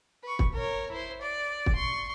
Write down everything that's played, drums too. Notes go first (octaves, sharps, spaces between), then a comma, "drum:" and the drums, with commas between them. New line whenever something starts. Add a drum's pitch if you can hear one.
B4 C#6
drum: kick
A#4 C#5
E4 C5
D5
drum: kick
C6 C#6